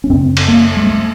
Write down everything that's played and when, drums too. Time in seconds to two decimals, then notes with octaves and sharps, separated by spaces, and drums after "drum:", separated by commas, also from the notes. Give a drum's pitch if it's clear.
0.04 C#4
0.10 F#2 C#3 C4
0.37 drum: cymbal
0.48 A#3
0.76 G#3
0.87 A3